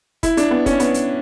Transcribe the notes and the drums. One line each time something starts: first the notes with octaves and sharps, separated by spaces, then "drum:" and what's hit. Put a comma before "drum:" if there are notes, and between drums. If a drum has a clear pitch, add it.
E4, drum: kick, hi-hat
D4, drum: hi-hat
B3
C#4, drum: kick, hi-hat
B3, drum: hi-hat
drum: hi-hat